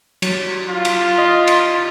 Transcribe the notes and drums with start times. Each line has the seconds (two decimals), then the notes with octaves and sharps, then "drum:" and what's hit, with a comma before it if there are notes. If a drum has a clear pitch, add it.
0.22 F#3, drum: cymbal
0.69 F4
0.85 drum: cymbal
1.18 D#5
1.47 drum: cymbal